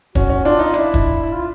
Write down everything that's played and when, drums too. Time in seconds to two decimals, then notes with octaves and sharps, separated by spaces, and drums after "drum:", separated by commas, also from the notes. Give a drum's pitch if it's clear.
0.15 C#4 F#4, drum: kick
0.30 C#4
0.44 D4 F4
0.59 D#4
0.74 D4 E4, drum: hi-hat
0.94 drum: kick
1.22 E4
1.33 F4